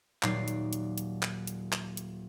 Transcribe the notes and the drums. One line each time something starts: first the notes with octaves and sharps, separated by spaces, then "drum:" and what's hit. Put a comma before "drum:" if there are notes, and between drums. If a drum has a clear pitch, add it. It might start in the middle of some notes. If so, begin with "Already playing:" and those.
D#1 A#2 F#3 D#4 D5 C7, drum: clap
drum: hi-hat
drum: hi-hat
drum: hi-hat
drum: clap
drum: hi-hat
drum: clap
drum: hi-hat